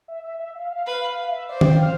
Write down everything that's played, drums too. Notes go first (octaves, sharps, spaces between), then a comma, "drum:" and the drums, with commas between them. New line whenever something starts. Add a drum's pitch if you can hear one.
E5
E5
E5
F5
F5
B4 F5
F5
F5
E5
C5 D5
G5, drum: tom
F5
F6